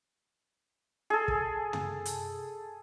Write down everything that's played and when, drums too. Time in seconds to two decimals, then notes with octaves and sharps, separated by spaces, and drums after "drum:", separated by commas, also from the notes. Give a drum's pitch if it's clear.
1.10 G#4 A4
1.28 drum: kick
1.73 drum: tom
2.05 drum: hi-hat